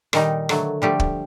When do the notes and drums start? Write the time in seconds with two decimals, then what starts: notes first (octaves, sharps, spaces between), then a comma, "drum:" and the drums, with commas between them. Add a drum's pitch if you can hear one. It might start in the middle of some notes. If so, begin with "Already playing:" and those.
0.13 A#2 D#3 G3 D#4, drum: rim click
0.49 D3 F#3 A3, drum: rim click
0.82 D3 F3 G3 A3 G4
1.00 drum: kick